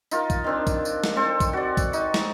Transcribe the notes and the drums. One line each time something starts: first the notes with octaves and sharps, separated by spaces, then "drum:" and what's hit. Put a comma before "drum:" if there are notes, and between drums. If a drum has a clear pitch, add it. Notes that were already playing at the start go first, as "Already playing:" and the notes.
D#4 F4 A#4, drum: tambourine
drum: kick, tambourine
D#3 C4 D4
drum: kick, tambourine
drum: tambourine
drum: snare
C4 A4 C5
drum: kick, tambourine
F#4 D5
drum: kick, tambourine
D#4, drum: tambourine
drum: snare